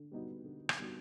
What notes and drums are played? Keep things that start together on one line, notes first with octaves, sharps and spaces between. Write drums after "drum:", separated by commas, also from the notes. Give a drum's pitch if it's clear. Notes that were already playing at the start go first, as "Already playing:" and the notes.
Already playing: D3
G3 B3 D#4 F#4
D3
drum: rim click
G3 B3 D#4 F#4